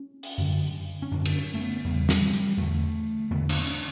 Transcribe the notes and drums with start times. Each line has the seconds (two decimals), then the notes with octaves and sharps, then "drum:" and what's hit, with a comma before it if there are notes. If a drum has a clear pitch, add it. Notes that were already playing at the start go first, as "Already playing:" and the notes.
Already playing: C#4
0.23 drum: open hi-hat
0.38 F#2 D3
1.02 C#4
1.11 F#2 D3 D4
1.25 drum: cymbal
1.35 C#4
1.54 A3
1.60 B3
1.85 E2 C#3 G3
2.09 G3, drum: snare
2.34 G3, drum: hi-hat
2.57 E2 D3 A3
3.31 E2 D3 B3
3.49 D4, drum: cymbal
3.67 C#4